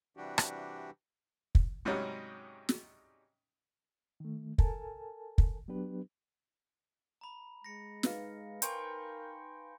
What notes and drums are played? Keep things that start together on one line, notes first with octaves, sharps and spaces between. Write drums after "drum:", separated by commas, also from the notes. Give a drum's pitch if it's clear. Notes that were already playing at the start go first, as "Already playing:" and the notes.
C3 E3 G3 D4 F#4 G4
drum: rim click
drum: kick
G#2 C3 F#3 G3 C#4 D#4
drum: snare
D#3 A3
A4 A#4 G#5 A5, drum: kick
drum: kick
F#3 B3 D4 G4 B4
A#5 B5
G#3 A#6 C#7
D#4 B4 F5, drum: snare
A#4 C5 G5 G#5 B5 C#6, drum: hi-hat